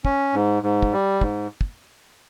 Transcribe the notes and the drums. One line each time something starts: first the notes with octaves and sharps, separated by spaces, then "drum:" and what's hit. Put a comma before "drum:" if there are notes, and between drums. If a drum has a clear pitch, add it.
C#4, drum: kick
G#2
G#2
drum: kick
G3
G#2, drum: kick
drum: kick